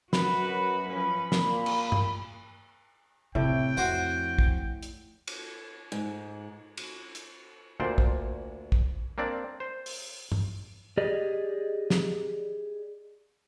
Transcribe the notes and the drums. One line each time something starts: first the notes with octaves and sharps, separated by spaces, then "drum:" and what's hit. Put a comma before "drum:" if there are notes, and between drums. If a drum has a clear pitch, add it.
F#2 F#4 B4 B5, drum: snare
F3 C#4 B4
A#2 A#3, drum: snare
drum: cymbal
drum: tom G2
A2 C3 E4 D5 G5
F2 F#4 C5 F#5
drum: kick
drum: hi-hat
drum: cymbal
G#2
drum: cymbal
drum: hi-hat
D2 A#2 C5 D5
drum: kick
drum: kick
A#3 C4 D4 D5
C5
drum: open hi-hat
drum: tom G2
G4 G#4 D5 D#5
drum: snare